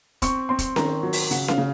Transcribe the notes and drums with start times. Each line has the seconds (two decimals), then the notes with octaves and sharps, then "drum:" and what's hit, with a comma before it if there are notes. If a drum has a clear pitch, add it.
0.22 C4 C#6, drum: kick E1, hi-hat
0.49 C4 C6
0.59 drum: kick E1, hi-hat
0.76 D#3 A#5, drum: snare C#4
1.03 F#3
1.13 drum: open hi-hat
1.31 C#3 F#5, drum: hi-hat
1.48 F5, drum: snare C#4
1.58 C#3